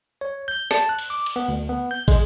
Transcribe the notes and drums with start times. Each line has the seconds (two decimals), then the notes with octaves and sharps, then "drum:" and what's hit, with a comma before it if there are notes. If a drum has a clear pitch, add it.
0.21 C#5
0.48 G6
0.71 A5, drum: snare
0.89 F#6
0.99 drum: cymbal
1.10 D6
1.26 drum: cymbal
1.36 B3
1.48 D2
1.69 B3
1.91 G6
2.08 G#3, drum: kick, cymbal